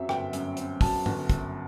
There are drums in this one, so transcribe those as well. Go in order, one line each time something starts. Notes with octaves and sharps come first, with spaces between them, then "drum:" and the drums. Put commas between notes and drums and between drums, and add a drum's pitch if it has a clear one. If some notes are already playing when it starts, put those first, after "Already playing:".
Already playing: F#2 F#3 C4 E5
G1 G5, drum: rim click
F#2, drum: hi-hat
C4, drum: hi-hat
F#3 A5, drum: kick, open hi-hat
G1, drum: tom
drum: kick, hi-hat